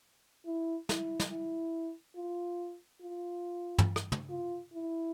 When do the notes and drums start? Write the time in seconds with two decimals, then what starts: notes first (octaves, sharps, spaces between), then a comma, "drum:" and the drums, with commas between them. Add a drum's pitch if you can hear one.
0.46 E4
0.89 E4, drum: snare
1.20 drum: snare
1.31 E4
2.16 F4
3.01 F4
3.78 drum: tom
3.96 drum: rim click
4.12 drum: tom
4.30 F4
4.73 E4